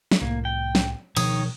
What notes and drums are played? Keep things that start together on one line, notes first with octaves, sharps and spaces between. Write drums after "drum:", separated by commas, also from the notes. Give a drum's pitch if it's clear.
drum: snare
C2 A2 A#3
G5
drum: snare
B2 D#3 F3 C#5 D#6, drum: cymbal